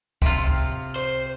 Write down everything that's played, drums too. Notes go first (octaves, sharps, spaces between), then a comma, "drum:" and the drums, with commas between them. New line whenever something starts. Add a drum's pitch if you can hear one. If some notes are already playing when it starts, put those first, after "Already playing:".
C3 F4, drum: kick C#2
C5